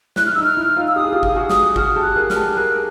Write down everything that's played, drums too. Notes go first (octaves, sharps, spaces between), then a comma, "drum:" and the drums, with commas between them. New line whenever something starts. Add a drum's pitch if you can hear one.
E4 F#6, drum: snare
F6
D#4 E6
F6
E4
D#4 F4
E6
G4 D#6
G#4
F4 G4
D#6, drum: kick G#1
F#4 G#4
D#6, drum: snare
F#4 G#4 F6, drum: kick G#1
G4 A4
F#6
G#4 A#4
F6, drum: snare
G4 A4
G#4 A#4 F#6